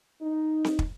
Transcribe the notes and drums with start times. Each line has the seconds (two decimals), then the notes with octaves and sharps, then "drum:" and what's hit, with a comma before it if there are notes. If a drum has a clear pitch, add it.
0.22 D#4
0.64 drum: snare C4
0.79 drum: kick